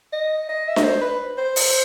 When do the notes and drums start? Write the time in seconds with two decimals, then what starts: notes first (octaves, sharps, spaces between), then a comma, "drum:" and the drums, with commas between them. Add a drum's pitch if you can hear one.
0.13 D#5
0.49 D#5
0.68 E5
0.76 D#5, drum: snare D4
0.84 C5
1.01 B4
1.38 C5
1.56 drum: open hi-hat